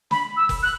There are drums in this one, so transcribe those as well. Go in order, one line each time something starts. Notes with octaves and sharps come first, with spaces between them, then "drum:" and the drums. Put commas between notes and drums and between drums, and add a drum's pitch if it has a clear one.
B5, drum: snare
E6
drum: kick F#1, open hi-hat
F#6